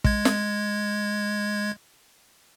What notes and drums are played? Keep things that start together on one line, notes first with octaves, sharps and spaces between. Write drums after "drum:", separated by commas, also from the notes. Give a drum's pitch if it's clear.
G#3 G#6, drum: kick
drum: snare